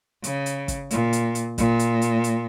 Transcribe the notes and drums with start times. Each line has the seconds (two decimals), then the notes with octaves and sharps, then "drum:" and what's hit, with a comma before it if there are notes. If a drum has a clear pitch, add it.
0.24 C#3, drum: hi-hat
0.46 drum: hi-hat
0.68 drum: kick, hi-hat
0.91 A#2, drum: hi-hat
1.13 drum: hi-hat
1.35 drum: hi-hat
1.58 A#2, drum: kick, hi-hat
1.79 drum: hi-hat
2.02 drum: hi-hat
2.24 drum: hi-hat